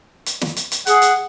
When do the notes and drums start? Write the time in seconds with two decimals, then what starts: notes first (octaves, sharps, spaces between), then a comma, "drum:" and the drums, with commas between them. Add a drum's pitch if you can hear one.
0.26 drum: hi-hat
0.41 drum: snare
0.57 drum: hi-hat
0.72 drum: hi-hat
0.87 G#4 F#5, drum: hi-hat
1.02 drum: hi-hat